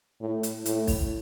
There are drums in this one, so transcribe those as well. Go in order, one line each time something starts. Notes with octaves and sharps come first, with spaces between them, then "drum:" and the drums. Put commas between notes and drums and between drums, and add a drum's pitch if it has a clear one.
A2
drum: hi-hat
A2, drum: hi-hat
drum: kick, open hi-hat